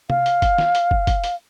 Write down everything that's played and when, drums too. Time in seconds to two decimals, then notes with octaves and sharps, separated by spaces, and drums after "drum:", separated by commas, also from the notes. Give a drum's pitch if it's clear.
0.10 F5, drum: tom C3
0.26 drum: hi-hat
0.42 drum: kick, hi-hat
0.58 drum: snare
0.75 drum: hi-hat
0.91 drum: kick
1.07 drum: kick, hi-hat
1.24 drum: hi-hat